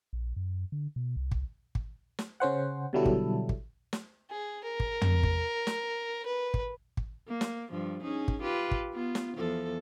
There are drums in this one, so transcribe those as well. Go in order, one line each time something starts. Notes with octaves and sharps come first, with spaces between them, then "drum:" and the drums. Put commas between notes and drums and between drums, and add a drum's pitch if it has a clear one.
A#1
F#2
D3
B2
C2
drum: kick
drum: kick
drum: snare
C#3 C#4 C5 F#5
B2 D3 F#3 G3 E4 A4
drum: kick
drum: kick
drum: snare
G#4
A#4
drum: kick
drum: tom
drum: kick
drum: snare
B4
drum: kick
drum: kick
A#3
drum: snare
G2 F3
C#4 D#4 G#4
drum: kick
F4 G4 B4
drum: kick
B3 F4
drum: snare
E2 F3 A4